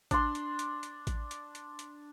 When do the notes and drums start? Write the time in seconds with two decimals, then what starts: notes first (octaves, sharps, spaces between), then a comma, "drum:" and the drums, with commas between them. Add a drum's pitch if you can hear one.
0.11 D4 C6, drum: kick A1, hi-hat
0.35 drum: hi-hat
0.59 drum: hi-hat
0.83 drum: hi-hat
1.07 drum: kick A1, hi-hat
1.31 drum: hi-hat
1.55 drum: hi-hat
1.79 drum: hi-hat